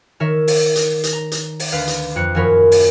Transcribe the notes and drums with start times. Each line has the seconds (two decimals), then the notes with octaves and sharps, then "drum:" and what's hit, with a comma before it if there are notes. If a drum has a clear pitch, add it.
0.20 D#3 A#4 C#5 E5
0.48 drum: open hi-hat
0.76 drum: hi-hat
1.04 drum: hi-hat
1.13 A#5
1.32 drum: hi-hat
1.60 drum: open hi-hat
1.72 D2 B4 F5
1.88 drum: hi-hat
2.16 F2 F#6 C#7
2.35 D#1 F#2 F3 A#4 C#5 B5
2.72 drum: open hi-hat